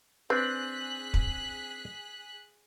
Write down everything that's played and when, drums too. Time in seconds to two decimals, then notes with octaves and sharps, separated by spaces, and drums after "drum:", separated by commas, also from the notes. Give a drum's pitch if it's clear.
0.30 C4 D4 G#4 B4 F#6 B6
1.14 drum: kick